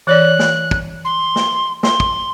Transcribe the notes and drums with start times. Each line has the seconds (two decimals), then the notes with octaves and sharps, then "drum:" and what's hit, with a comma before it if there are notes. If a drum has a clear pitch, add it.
0.07 E3 C#5 D5 F#6
0.39 drum: snare
0.71 drum: kick
1.04 C6
1.36 drum: snare
1.83 C6, drum: snare
2.00 drum: kick